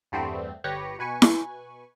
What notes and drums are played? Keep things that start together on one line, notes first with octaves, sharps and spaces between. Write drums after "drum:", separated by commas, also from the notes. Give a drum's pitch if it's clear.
E2 G2 G3 A3 B3 C4
G1 G4 B4 C#5 A#6 C#7
B2 B4 G#5 C#6
drum: snare E4